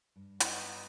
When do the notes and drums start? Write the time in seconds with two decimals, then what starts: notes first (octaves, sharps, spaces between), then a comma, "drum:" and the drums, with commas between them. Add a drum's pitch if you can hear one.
0.16 G2
0.40 F#3 B3 D#4 F#4, drum: hi-hat